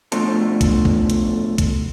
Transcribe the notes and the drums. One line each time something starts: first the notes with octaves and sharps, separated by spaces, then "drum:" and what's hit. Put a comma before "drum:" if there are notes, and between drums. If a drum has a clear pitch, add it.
B2 F3 A3 D4 A4, drum: hi-hat
drum: kick, hi-hat
drum: kick
drum: hi-hat
drum: kick, hi-hat